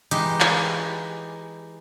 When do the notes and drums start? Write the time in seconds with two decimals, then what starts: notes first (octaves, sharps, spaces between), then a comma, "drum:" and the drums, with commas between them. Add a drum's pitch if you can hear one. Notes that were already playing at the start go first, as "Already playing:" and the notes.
0.11 E3 G#3 D#4 G4, drum: hi-hat
0.40 drum: clap